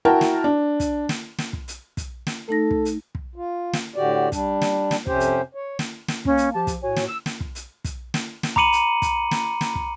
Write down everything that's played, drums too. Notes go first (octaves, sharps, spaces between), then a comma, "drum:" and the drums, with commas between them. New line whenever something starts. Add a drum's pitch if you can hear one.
E4 F#4 A#4 G5 A5
drum: snare
D4
drum: kick, hi-hat
drum: snare
drum: snare
drum: kick
drum: hi-hat
drum: kick, hi-hat
drum: snare
A3 D#4 A4 A#6
drum: kick
drum: hi-hat
drum: kick
F4
drum: snare
A2 D3 F#4 G4 D5
G3 D4, drum: kick, hi-hat
drum: snare
drum: snare
F2 C3 C#4 G4 C5, drum: kick
drum: hi-hat
C#5
drum: snare
drum: snare
A#3 C#4, drum: kick
drum: hi-hat
F3 G4 A5
drum: kick, hi-hat
A2 F#4 C#5 G#5
drum: snare
E6
drum: snare
drum: kick
drum: hi-hat
drum: kick, hi-hat
drum: snare
drum: snare
A#5 B5 D6 C#7 D#7 F#7, drum: kick
drum: hi-hat
drum: kick, hi-hat
drum: snare
drum: snare
drum: kick